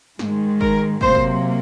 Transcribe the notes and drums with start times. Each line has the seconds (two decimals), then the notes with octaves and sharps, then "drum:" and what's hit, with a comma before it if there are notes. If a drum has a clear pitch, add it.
0.19 G#2 D#3 G#3, drum: snare
0.61 A#4, drum: kick
1.01 C3 F#3 A#3 C5, drum: kick
1.15 drum: kick